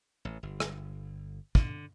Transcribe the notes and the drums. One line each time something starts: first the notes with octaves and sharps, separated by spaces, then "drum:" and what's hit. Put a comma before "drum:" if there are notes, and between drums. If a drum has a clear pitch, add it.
A1
G1
drum: rim click
D3, drum: kick